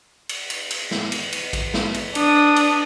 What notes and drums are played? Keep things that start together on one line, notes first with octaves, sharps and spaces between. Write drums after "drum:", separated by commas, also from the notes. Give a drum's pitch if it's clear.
drum: cymbal
drum: cymbal
drum: cymbal
drum: snare
drum: cymbal
drum: cymbal
drum: kick A#1, cymbal
drum: snare
drum: cymbal
D4 D#6, drum: cymbal
drum: cymbal